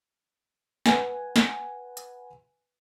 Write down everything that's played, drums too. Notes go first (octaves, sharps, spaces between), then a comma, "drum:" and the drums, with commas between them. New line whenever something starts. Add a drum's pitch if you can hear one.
B4 F#5 G#5, drum: snare
drum: snare
drum: hi-hat